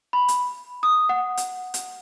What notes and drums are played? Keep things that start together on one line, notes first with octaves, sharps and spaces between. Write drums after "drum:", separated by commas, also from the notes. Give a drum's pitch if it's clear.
B5
drum: hi-hat
D#6
F#5
drum: hi-hat
drum: hi-hat